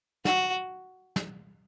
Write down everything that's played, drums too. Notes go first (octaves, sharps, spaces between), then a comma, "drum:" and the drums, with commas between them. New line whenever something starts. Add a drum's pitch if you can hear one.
F#4, drum: snare
drum: snare